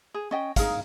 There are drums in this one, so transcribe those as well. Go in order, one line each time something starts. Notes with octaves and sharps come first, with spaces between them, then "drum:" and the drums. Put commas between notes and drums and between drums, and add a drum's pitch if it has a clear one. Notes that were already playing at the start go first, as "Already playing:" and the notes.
G#4
C#4 D#5 G5
D#4 G#4 A#4 F5, drum: kick, hi-hat